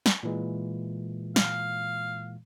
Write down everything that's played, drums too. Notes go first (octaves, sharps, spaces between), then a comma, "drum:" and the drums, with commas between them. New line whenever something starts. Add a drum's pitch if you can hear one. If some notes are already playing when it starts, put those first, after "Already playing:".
drum: snare
A#2 E3 G#3
F5, drum: snare